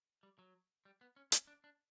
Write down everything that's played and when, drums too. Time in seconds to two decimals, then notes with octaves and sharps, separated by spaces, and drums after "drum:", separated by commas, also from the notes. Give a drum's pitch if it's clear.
0.23 G3
0.39 F#3
0.85 G3
1.01 B3
1.16 C#4
1.32 C#4, drum: hi-hat
1.47 D4
1.64 D4